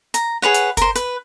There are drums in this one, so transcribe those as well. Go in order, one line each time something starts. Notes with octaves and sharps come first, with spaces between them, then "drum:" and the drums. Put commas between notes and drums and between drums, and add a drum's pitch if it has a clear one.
A#5, drum: hi-hat
G#4 B4 C#5 F#5
drum: hi-hat
A#4 C5, drum: kick, hi-hat
B4, drum: hi-hat